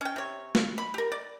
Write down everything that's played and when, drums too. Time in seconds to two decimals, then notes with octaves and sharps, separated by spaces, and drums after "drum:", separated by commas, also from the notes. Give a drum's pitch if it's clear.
0.01 C#4 G5
0.16 C3 C#5
0.55 drum: snare
0.78 B5
0.94 G4 A#4
1.12 D5